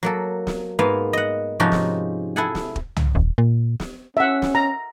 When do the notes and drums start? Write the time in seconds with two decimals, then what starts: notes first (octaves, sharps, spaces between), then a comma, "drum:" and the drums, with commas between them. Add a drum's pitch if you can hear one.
0.03 F#3 A#3 A4
0.47 drum: snare
0.79 G#2 A#3 B3 F5 G#5
1.13 D#5 F#5
1.60 G#2 C3 F3 C#4 D#4 F#4
1.72 drum: snare
2.36 E4 G#4 A4 F#5 G#5
2.55 drum: snare
2.76 drum: kick
2.96 drum: tom
3.15 D#1
3.38 A#2
3.80 drum: snare
4.17 C#4 E5 F#5
4.42 drum: snare
4.55 A#5